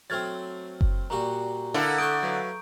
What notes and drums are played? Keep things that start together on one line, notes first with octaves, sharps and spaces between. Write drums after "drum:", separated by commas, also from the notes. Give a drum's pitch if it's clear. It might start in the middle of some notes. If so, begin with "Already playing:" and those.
F#3 A3 C4 F6 G#6 A6
drum: kick F#1
A#2 G3 F#4 A#5
D3 E4 A4 A#4 F5
A3 A5 C#6 D#6 G6 D7
F#3 B4 F5